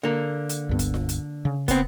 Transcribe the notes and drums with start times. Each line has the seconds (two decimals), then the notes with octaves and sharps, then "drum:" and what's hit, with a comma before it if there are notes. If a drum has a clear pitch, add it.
0.03 D3 A#3
0.49 drum: hi-hat
0.69 C#2 G2 B3
0.79 drum: kick, hi-hat
0.94 drum: snare F4
1.09 drum: hi-hat
1.45 C#3
1.68 B3 C4, drum: kick, hi-hat